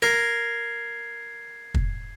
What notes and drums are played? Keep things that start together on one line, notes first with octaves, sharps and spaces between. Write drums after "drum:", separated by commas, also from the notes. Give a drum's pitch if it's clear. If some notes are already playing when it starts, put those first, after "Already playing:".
A#4 G#6 C7
drum: kick